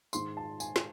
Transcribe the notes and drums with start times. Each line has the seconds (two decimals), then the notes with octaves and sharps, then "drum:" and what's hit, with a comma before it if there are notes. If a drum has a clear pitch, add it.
0.13 G#2 D#3 G#3 C6, drum: tambourine
0.37 A5
0.60 G#5, drum: tambourine
0.76 drum: snare